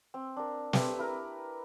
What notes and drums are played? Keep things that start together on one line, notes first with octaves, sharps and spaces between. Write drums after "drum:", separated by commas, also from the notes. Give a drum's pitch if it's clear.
C4
D4 A#4
A3 C4 G4 B4, drum: snare
E4 A#4 B4 A#5